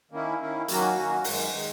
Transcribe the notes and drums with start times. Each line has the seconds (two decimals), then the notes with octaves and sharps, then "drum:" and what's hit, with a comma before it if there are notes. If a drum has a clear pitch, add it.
0.11 D#3 A#3 C#4 E4
0.40 D#3 A#3 C#4 E4
0.68 D#3 F#3 A#3 C#4 F#4, drum: hi-hat
0.96 D#3 F#3 A#3 C#4 F#4
1.24 F#2 D#3 G#3, drum: open hi-hat
1.52 D#3 G#3